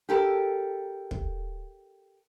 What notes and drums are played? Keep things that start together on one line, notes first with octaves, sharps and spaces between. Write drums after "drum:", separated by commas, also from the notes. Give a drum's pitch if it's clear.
G4 A4 A#4
drum: kick